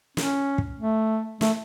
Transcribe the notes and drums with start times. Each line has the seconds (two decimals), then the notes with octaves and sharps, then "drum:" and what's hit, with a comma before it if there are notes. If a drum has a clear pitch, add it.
0.17 C#4, drum: snare
0.58 drum: kick
0.79 A3
1.41 A3, drum: snare